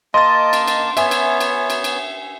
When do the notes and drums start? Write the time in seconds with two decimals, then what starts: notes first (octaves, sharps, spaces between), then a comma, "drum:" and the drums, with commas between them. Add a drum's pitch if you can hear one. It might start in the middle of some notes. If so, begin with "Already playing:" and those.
0.14 A#3 D#5 A5 C6 D6 A6
0.53 drum: cymbal
0.68 drum: cymbal
0.97 B3 C#5 E5 G#5, drum: cymbal
1.11 drum: cymbal
1.40 drum: cymbal
1.70 drum: cymbal
1.84 drum: cymbal